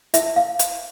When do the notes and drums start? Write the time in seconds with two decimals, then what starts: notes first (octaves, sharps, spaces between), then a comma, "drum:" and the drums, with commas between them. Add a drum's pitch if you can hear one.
0.14 E4 E5, drum: hi-hat
0.36 F5
0.59 drum: hi-hat